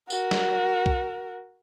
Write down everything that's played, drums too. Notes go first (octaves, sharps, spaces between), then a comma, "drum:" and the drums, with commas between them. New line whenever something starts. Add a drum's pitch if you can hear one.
F#4 A#4, drum: tambourine
drum: snare
drum: kick